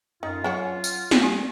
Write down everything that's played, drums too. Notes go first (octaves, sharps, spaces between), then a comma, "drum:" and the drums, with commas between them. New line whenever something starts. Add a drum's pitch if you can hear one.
F#2 D#4 F4
F#3 C#4 C#5 F#5
drum: tambourine
drum: snare
G3 G4 A4 G#5